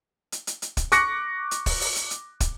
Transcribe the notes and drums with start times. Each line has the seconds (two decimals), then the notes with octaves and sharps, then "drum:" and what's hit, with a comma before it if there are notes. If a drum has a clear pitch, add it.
0.32 drum: hi-hat
0.47 drum: hi-hat
0.62 drum: hi-hat
0.77 drum: kick, hi-hat
0.92 C#6 D6 F#6 A#6 C#7, drum: hi-hat
1.51 drum: hi-hat
1.66 drum: kick, open hi-hat
1.81 drum: open hi-hat
1.96 drum: hi-hat
2.11 drum: hi-hat
2.40 drum: kick, hi-hat